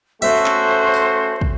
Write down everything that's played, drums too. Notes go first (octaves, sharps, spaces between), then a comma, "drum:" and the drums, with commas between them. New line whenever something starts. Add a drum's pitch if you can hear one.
A3 C#4 F#4 A4 C5 E5
drum: clap
drum: tambourine
drum: kick